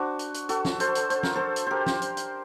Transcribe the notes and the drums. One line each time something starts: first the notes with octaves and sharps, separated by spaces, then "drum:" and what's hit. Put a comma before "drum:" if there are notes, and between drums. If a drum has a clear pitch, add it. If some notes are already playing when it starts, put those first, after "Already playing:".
Already playing: D4 F#4 C5
drum: hi-hat
drum: hi-hat
F#4 A4, drum: hi-hat
drum: snare
A4 C5, drum: hi-hat
drum: hi-hat
C5, drum: hi-hat
A#4, drum: snare
A4 C5
drum: hi-hat
G4 A#4 C5
drum: snare
drum: hi-hat
drum: hi-hat